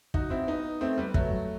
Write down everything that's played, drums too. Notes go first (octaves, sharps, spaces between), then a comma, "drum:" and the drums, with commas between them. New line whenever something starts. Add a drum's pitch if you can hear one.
D#4 F#4, drum: kick
C4 E4
B3 D#4
A3 C4
G3 B3
F#3 A3, drum: kick